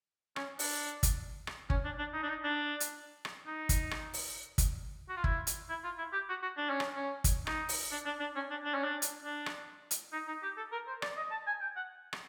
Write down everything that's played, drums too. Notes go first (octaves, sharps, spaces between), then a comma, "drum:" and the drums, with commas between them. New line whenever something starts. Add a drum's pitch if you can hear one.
C#4, drum: rim click
D4, drum: open hi-hat
drum: kick, hi-hat
drum: rim click
C#4, drum: kick
D4
D4
D#4
D4
D#4
D4
drum: hi-hat
drum: rim click
D#4
drum: kick, hi-hat
drum: rim click
drum: open hi-hat
drum: kick, hi-hat
F#4
F4
E4, drum: kick
drum: hi-hat
E4
F4
E4
G4
F#4
F#4
D4
C#4
drum: rim click
C#4
drum: kick, hi-hat
D#4, drum: rim click
drum: open hi-hat
D4
D4
D4
C#4
D4
D4
C#4
D4
drum: hi-hat
D4
drum: rim click
drum: hi-hat
D#4
D#4
G4
A4
A#4
C5
D5, drum: rim click
D#5
A5
G#5
G5
F#5
drum: rim click